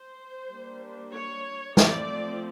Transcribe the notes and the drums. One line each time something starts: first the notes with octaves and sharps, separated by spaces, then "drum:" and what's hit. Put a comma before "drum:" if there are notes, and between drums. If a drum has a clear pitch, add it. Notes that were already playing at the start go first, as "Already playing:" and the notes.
Already playing: C5
G3 A#3 D4
C#5
F3 A3 C4 D5, drum: snare